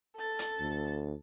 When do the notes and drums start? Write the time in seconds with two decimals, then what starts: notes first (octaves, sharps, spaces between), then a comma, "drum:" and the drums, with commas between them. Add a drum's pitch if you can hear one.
0.16 A4 A6
0.39 drum: hi-hat
0.60 D2